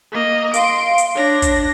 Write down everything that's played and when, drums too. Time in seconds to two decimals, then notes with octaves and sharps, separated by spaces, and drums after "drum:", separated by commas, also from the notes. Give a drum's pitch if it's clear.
0.12 A#3 D#5
0.54 F5 C6 D7, drum: hi-hat
0.98 drum: hi-hat
1.15 D4 C#5 A#6
1.42 drum: kick, hi-hat